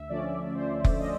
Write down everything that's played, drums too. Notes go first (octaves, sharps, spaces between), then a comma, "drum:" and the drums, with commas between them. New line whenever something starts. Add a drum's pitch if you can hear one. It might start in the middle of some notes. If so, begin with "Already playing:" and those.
Already playing: D2 E5
D3 F3 A3 C#4 D5
D2 C5
drum: kick F1
D3 F3 A3 C#4 D#5